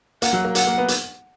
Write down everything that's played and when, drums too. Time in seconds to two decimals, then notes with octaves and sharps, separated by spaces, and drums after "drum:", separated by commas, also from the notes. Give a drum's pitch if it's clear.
0.22 A#3 F#5, drum: hi-hat
0.33 F#3
0.45 A#3
0.55 F#5, drum: hi-hat
0.67 A#3
0.78 B3
0.88 drum: hi-hat